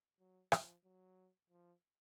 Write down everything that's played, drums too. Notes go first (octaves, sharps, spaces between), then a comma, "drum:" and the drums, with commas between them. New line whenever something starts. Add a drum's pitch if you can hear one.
F#3
F3, drum: rim click
F#3
F3